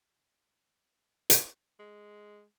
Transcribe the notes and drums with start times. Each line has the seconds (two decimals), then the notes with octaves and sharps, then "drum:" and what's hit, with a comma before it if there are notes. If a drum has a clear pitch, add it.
1.30 drum: hi-hat
1.79 G#3